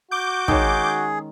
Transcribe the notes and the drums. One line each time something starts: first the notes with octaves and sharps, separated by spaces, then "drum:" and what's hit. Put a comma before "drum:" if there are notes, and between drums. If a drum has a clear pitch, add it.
F#4 D6 G6
D#3 G#3 C#4 G#4, drum: kick